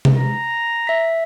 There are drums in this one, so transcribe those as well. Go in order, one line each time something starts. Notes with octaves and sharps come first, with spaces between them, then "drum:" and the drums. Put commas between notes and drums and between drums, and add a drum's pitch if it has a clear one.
drum: tom C3
A#5
E5 B6